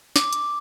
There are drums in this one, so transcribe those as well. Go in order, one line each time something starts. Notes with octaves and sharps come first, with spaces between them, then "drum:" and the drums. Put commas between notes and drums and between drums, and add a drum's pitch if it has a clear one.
D6, drum: snare
drum: hi-hat